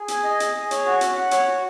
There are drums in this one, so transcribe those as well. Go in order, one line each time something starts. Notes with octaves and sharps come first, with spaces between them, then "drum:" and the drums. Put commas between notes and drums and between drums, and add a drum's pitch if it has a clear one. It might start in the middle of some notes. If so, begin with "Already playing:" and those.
Already playing: G#4
G#5, drum: hi-hat
D#5
G#4, drum: hi-hat
G#4
C#5, drum: hi-hat
F#4
C#4, drum: hi-hat
F#5
C#5, drum: hi-hat
F#4